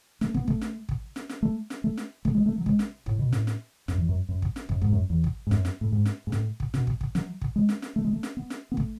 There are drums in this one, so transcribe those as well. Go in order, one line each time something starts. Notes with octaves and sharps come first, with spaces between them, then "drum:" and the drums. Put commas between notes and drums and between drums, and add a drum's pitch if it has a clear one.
A3, drum: snare
B3, drum: kick
A3, drum: kick
drum: snare
drum: kick
drum: snare
drum: snare
A3
drum: snare
A3
drum: snare
A3, drum: kick
G#3
A3
F#3
G#3, drum: kick
drum: snare
A2, drum: kick
B2
A2, drum: snare
drum: snare
F#2, drum: snare
E2
F#2
F#2
drum: kick
drum: snare
F#2, drum: kick
G#2, drum: kick
F#2
E2
drum: kick
G#2
F#2, drum: snare
drum: snare
A2
G#2
drum: snare
G#2
A2, drum: snare
drum: kick
B2, drum: snare
drum: kick
drum: kick
F#3, drum: snare
drum: kick
G#3
drum: snare
drum: snare
A3
G#3
A3
drum: snare
B3
drum: snare
B3
A3, drum: kick